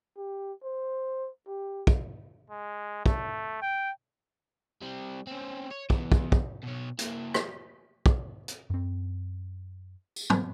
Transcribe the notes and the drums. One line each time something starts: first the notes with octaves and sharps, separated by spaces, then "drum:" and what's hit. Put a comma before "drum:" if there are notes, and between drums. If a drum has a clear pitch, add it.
G4
C5
G4
drum: kick
G#3
A3, drum: kick
G5
G3 C4
C4 C#4
C#5
E3 B3, drum: kick
drum: kick
drum: kick
B2 C#5
A#3 E4, drum: hi-hat
drum: rim click
drum: kick
drum: hi-hat
F#2 C4
drum: tambourine
drum: tom